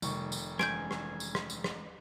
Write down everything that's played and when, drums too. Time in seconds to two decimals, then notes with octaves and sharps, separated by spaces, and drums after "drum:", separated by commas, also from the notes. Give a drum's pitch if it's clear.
0.02 F1 C3 D#3 F#3 G3 C#6, drum: tambourine
0.32 drum: tambourine
0.59 E3 G#3 C#4 G#5 G6 G#6 D7, drum: rim click
0.91 drum: rim click
1.20 drum: tambourine
1.35 drum: rim click
1.50 drum: tambourine
1.64 drum: rim click